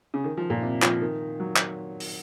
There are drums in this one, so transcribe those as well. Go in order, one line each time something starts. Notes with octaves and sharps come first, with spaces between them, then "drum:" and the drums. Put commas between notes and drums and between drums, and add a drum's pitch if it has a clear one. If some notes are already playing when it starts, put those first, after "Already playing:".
C#3
D#3
F3
A#2
C3
F3, drum: clap
D#3
F#3
drum: clap
drum: open hi-hat